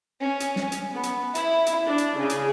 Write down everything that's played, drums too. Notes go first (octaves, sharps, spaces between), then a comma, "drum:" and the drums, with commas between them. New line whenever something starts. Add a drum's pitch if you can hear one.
C#4
drum: hi-hat
drum: snare
drum: hi-hat
B3
drum: hi-hat
E4, drum: hi-hat
drum: hi-hat
D4
drum: hi-hat
C#3
drum: hi-hat